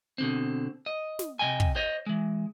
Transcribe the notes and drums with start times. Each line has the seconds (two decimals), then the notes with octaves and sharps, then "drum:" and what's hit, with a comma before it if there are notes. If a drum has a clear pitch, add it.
0.18 B2 D3 C4
0.86 D#5
1.19 drum: snare
1.39 C3 D#3 D#5 G5 G#5
1.60 drum: kick
1.76 C5 C#5 D#5
2.06 E3 G#3